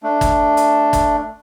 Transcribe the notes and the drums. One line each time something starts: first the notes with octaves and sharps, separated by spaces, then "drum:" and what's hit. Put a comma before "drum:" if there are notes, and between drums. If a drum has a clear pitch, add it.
A3 D4
drum: kick, hi-hat
drum: hi-hat
drum: kick, hi-hat